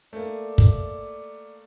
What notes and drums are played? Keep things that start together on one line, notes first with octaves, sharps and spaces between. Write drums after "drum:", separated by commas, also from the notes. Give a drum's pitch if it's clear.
A3 A#3 D5
drum: kick